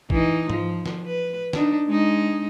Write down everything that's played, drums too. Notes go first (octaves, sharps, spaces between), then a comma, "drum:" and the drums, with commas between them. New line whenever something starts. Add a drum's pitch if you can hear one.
E3 D#4, drum: kick
F3, drum: tom G#2
drum: snare
B4
D4 D#4, drum: snare
G#3 D#4